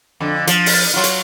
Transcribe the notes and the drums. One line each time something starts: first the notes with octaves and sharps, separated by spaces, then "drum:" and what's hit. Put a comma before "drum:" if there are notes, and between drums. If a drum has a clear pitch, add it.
F2 D3
F3, drum: hi-hat
drum: open hi-hat
F#3 F4
drum: hi-hat